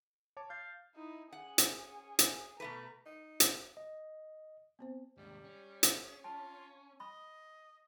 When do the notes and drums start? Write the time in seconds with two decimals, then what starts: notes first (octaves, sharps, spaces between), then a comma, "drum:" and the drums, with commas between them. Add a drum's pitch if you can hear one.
0.37 C#5 A5 D6
0.50 F5 G6 A6
0.95 D#4 E4
1.33 C#4 G#4 F#5
1.58 drum: hi-hat
2.19 drum: hi-hat
2.60 B2 A3 B4 A#5
3.06 D#4
3.40 drum: hi-hat
3.77 D#5
4.79 B3 C4 C5
5.17 D#2 G#2 G3
5.44 C#4
5.83 drum: hi-hat
6.06 G#4
6.24 F4 A5
7.00 D#5 B5